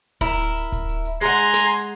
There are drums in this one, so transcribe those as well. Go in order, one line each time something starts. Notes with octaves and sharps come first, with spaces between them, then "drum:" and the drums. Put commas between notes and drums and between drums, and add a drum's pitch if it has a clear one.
E4 A#4, drum: kick D1, hi-hat
drum: hi-hat
drum: hi-hat
drum: kick D1, hi-hat
drum: hi-hat
drum: hi-hat
G#3 F#5 G#5 A#5 C6, drum: hi-hat
drum: hi-hat
drum: snare
drum: hi-hat